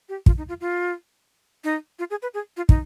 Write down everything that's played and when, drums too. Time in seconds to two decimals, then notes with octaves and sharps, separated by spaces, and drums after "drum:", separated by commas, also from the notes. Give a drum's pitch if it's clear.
0.09 G4
0.26 F4, drum: kick
0.38 D#4
0.49 F4
0.61 F4
1.64 D#4
1.99 F4
2.10 G#4
2.22 B4
2.34 G#4
2.57 F4
2.69 D#4, drum: kick